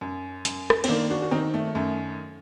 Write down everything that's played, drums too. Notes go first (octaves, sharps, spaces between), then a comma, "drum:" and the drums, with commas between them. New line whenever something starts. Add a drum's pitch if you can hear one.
F#2
F#2, drum: hi-hat
drum: rim click
C4, drum: cymbal
D#3 A#3 D4
D4 F#4
F#4
D#3 C4 D#4
A3
F#2 A3